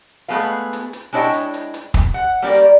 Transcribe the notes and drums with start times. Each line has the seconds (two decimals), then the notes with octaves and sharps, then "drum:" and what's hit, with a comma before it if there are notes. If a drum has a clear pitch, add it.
0.28 G#3 A3 B3 G#4 B4 F5
0.73 drum: hi-hat
0.93 drum: hi-hat
1.13 G#3 D4 E4 C#5 D#5 G5
1.34 drum: hi-hat
1.54 drum: hi-hat
1.74 drum: hi-hat
1.94 drum: kick, hi-hat
2.14 F#5
2.42 G3 A#3 C#4 G4 A#4 D5
2.55 drum: hi-hat